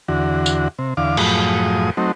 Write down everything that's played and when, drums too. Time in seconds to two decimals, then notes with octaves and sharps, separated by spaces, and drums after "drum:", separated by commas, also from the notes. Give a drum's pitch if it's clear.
0.08 E2 D3 F#4
0.46 drum: tambourine
0.79 C3
0.97 E2 D3 F5 D6
1.17 F#2 A2 F3 G#4 D#6, drum: cymbal
1.97 F#3 A3 C4 D#4